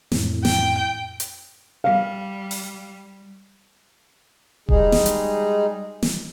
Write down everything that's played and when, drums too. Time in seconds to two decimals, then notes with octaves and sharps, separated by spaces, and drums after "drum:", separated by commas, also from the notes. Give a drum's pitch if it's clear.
0.12 F2 A2, drum: snare
0.45 G5, drum: snare
1.20 drum: hi-hat
1.84 G3 F5
2.51 drum: open hi-hat
4.69 G3 G#3 D#4 G#4, drum: kick D#1
4.92 drum: snare
5.06 drum: hi-hat
6.03 drum: snare